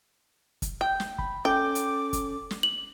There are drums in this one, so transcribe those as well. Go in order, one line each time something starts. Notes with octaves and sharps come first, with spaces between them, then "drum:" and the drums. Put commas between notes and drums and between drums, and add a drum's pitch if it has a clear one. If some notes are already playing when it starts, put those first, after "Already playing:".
drum: kick, hi-hat
G5
drum: snare
B5, drum: kick
C#4 A4 G5 D6
drum: hi-hat
drum: kick, hi-hat
drum: snare
F#7